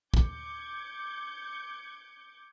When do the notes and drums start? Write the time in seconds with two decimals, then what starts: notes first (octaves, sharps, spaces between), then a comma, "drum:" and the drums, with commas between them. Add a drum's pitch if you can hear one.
0.14 D6 G6 G#6 C#7, drum: kick